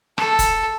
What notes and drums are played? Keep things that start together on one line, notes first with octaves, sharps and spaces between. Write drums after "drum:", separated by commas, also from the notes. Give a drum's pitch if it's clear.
A4, drum: rim click
drum: kick, hi-hat